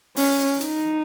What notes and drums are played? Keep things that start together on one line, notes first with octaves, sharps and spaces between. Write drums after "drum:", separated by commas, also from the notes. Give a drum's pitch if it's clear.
C#4, drum: open hi-hat
D#4, drum: hi-hat